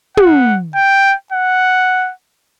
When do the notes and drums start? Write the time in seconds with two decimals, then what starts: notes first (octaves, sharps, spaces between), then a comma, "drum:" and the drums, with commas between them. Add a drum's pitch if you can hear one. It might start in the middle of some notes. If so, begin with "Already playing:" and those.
0.17 F#5, drum: tom
0.75 G5
1.32 F#5